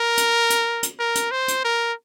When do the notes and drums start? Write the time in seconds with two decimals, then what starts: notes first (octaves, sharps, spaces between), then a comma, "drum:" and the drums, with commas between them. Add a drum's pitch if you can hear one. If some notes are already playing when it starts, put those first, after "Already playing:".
Already playing: A#4
0.17 drum: hi-hat
0.50 drum: hi-hat
0.83 drum: hi-hat
0.99 A#4
1.15 drum: hi-hat
1.31 C5
1.48 drum: hi-hat
1.64 A#4